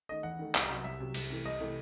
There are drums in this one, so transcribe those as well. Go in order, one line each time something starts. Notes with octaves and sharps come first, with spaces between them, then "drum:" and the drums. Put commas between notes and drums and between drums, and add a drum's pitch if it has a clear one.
D#3 A3 D#5
E2 F#5
D#3 A3
C2, drum: clap
C3 F#3
C2 E5
C3 F#3
C2, drum: cymbal
C3 E3 A3
C2 D#5
C3 E3 A3